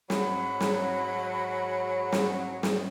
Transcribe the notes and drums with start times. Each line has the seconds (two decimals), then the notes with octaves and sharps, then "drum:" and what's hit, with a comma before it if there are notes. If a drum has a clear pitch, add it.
0.10 G#2 F#3 B5, drum: snare
0.60 drum: snare
2.12 drum: snare
2.63 drum: snare